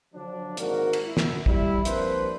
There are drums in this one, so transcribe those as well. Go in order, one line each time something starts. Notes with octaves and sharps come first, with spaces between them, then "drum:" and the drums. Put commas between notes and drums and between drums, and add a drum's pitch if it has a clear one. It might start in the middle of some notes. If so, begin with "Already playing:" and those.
D3 F3 F#3 D4
G#1 G#2 A#3 F#4 A#4, drum: hi-hat
drum: cymbal
E4
drum: snare
G3 E4, drum: kick
F3 A#3 C4 D4 B4 C5, drum: hi-hat